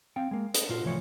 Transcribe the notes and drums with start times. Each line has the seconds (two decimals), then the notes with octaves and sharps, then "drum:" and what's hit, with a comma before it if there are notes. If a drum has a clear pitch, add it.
0.16 C4 F5 G5
0.31 G#3 A#3
0.54 D#5, drum: hi-hat
0.69 A#2 F4 F#4
0.84 C2 A2 E3 F3 C#5